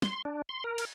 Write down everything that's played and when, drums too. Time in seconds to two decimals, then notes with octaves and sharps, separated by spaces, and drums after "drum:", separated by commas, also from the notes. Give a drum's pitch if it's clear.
0.02 C6, drum: snare
0.25 D4
0.49 C6
0.64 A#4
0.78 drum: cymbal